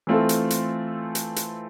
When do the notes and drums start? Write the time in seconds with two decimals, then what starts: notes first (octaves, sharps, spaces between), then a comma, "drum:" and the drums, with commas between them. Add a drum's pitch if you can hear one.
0.07 E3 A3 C4 F4 A4
0.29 drum: hi-hat
0.50 drum: hi-hat
1.15 drum: hi-hat
1.36 drum: hi-hat